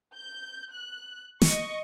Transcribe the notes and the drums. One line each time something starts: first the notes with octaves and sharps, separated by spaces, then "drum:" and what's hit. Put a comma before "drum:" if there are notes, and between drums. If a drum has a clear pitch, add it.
G6
F#6
D#5 C#6, drum: snare